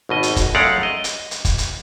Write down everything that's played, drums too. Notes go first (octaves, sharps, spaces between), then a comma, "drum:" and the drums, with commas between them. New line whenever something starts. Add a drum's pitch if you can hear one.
G#1 B2 D#5
drum: hi-hat
drum: kick, hi-hat
F#2 G#3 A3 D5 F5 F#5
D#5
drum: hi-hat
drum: hi-hat
drum: kick, hi-hat
drum: hi-hat